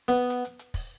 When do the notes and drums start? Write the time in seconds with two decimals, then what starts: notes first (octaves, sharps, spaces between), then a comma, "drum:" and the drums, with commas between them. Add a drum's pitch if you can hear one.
0.08 B3
0.30 drum: hi-hat
0.45 drum: hi-hat
0.59 drum: hi-hat
0.74 drum: kick, open hi-hat